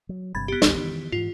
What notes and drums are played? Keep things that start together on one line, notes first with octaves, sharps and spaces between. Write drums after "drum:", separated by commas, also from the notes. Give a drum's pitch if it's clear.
F#3
G1 G2 C3 B5 G#6 A6
B3 G4
A#1 D#2 C3, drum: snare
D#3 E3
G#2 E3 F4